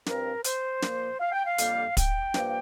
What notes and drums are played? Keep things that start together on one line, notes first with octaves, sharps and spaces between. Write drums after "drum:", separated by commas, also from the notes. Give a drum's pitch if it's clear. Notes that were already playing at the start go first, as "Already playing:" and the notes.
G2 F3 C4 A#4, drum: snare
C5, drum: hi-hat
A#2 F3 A#3, drum: snare
F5
G5
F5
F2 D3 G3 A#3, drum: hi-hat
G5, drum: kick, hi-hat
G2 F3 A#3, drum: snare